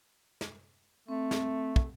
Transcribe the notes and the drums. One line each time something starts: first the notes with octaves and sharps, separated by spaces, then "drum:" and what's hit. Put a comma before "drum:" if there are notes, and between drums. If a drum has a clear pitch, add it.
drum: snare
A3 C4
drum: snare
drum: kick